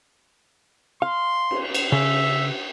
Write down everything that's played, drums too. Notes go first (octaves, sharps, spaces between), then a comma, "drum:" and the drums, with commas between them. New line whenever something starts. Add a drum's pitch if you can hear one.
F5 C6
drum: cymbal
drum: cymbal
C#3 E5